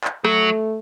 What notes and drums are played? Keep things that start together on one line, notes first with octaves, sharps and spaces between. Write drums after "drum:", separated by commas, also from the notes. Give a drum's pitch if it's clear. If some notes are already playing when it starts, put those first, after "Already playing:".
drum: clap
F#3 A3, drum: rim click